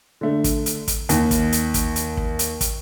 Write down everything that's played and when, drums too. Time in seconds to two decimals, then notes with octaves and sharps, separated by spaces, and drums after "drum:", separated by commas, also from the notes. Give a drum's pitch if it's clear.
0.21 D3 A3
0.44 drum: kick, hi-hat
0.66 drum: hi-hat
0.88 drum: kick, hi-hat
1.09 D#2, drum: hi-hat
1.31 drum: kick, hi-hat
1.52 drum: hi-hat
1.74 drum: kick, hi-hat
1.96 drum: hi-hat
2.17 drum: kick
2.39 drum: hi-hat
2.61 drum: kick, hi-hat